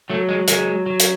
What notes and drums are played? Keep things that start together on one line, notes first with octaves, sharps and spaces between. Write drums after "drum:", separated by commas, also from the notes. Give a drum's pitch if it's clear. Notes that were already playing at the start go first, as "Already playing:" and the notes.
F#3 A3
G#3
F#3 G#3, drum: hi-hat
F#3
drum: hi-hat